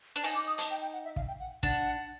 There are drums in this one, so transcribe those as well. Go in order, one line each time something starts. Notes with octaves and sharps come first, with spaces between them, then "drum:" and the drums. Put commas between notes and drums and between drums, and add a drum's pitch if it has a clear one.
D4
D#4 G#5, drum: open hi-hat
D6
D#6
A5, drum: hi-hat
G5
G5
F#5
E5
F5, drum: kick
G5
F#5
D4 F#5, drum: kick